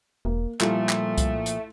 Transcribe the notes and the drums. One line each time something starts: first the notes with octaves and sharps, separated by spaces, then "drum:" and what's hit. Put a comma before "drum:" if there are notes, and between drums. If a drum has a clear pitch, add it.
E1 A#3
A#2 F3 G3 A3 E4 F4 A4, drum: clap
drum: clap
drum: kick C2, hi-hat
drum: hi-hat